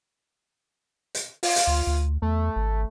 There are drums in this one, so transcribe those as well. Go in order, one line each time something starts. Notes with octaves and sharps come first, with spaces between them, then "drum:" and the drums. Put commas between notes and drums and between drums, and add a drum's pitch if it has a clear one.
drum: hi-hat
F4, drum: open hi-hat
drum: hi-hat
D2
D2
E2 A3
G#1